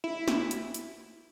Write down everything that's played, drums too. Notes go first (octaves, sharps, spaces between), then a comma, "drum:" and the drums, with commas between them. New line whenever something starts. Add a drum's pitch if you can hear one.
E4
drum: snare
drum: hi-hat
drum: hi-hat